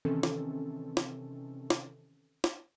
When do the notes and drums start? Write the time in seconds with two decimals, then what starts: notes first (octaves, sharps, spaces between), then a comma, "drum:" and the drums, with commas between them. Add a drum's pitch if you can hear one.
0.05 C3 D#3 E3 C4 C#4 A4
0.23 drum: snare
0.97 drum: snare
1.70 drum: snare
2.44 drum: snare